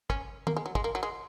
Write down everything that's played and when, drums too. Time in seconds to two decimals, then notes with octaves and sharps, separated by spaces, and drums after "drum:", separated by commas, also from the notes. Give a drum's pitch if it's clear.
0.10 C#4, drum: kick
0.47 A#3, drum: tom
0.57 G#3
0.66 F#3
0.75 G#3, drum: kick
0.84 A#3
0.95 F#3
1.03 G#3